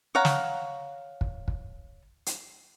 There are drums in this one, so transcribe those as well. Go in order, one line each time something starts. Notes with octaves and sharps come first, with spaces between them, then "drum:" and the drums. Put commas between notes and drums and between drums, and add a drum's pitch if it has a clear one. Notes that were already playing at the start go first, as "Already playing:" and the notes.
C#5 F5 F#5 A#5
drum: snare
drum: kick
drum: kick
drum: hi-hat